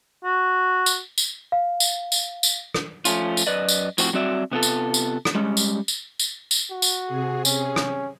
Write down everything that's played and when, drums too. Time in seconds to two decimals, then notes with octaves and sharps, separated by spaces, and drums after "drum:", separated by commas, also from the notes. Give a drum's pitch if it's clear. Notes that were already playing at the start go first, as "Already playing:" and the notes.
0.24 F#4
0.86 drum: tambourine
1.18 drum: tambourine
1.52 F5
1.80 drum: tambourine
2.12 drum: tambourine
2.43 drum: tambourine
2.74 drum: rim click
3.05 F3 A3 C#4 F4, drum: tambourine
3.37 drum: tambourine
3.47 F#2 B4 D5 D#5
3.69 drum: tambourine
3.98 A2 F3 C4 F#4, drum: tambourine
4.13 F#3 G3 C4 F#4 D5 E5
4.51 C3 B3 F4 A4
4.63 drum: tambourine
4.94 drum: tambourine
5.25 drum: rim click
5.35 G3 G#3 C#4
5.57 drum: tambourine
5.88 drum: tambourine
6.19 drum: tambourine
6.51 drum: tambourine
6.71 F#4
6.82 drum: tambourine
7.05 C3 G#4
7.45 C#4, drum: tambourine
7.76 drum: rim click